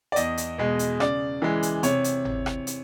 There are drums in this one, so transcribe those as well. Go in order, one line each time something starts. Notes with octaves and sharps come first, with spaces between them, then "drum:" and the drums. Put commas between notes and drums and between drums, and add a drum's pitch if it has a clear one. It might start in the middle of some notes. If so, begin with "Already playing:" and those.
D5
E2 D#5, drum: hi-hat
drum: hi-hat
B2 G#3
drum: hi-hat
C#3 D5, drum: rim click
E3 G#3
drum: hi-hat
C3 C#5, drum: hi-hat
drum: hi-hat
drum: tom G1
drum: rim click
drum: hi-hat